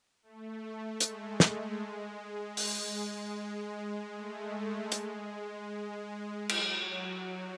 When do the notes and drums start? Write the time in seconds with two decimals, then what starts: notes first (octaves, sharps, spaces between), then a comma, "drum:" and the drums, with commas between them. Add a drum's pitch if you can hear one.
0.23 A3
1.00 G#3, drum: hi-hat
1.40 G#3, drum: snare
2.57 G#3, drum: open hi-hat
4.14 A3
4.92 G#3, drum: hi-hat
6.49 F#3, drum: cymbal